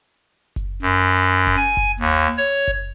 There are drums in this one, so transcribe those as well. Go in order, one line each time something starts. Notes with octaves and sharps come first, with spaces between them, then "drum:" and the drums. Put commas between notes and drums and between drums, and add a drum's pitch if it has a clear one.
drum: kick F#1, hi-hat
F#2
drum: hi-hat
drum: kick F#1
G#5
drum: kick F#1
D#2
C#5, drum: hi-hat
drum: kick F#1